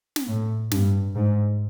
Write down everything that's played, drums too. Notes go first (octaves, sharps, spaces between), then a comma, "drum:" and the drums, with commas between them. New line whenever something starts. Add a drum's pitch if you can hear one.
drum: snare
A2
G2, drum: snare
G#2